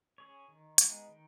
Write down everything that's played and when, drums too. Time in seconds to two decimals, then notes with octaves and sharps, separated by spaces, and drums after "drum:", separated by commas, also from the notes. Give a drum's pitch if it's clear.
0.18 C#4 G#4 C#5
0.48 D#3
0.78 G#3 B3 D#4 G#4, drum: hi-hat
1.09 D#3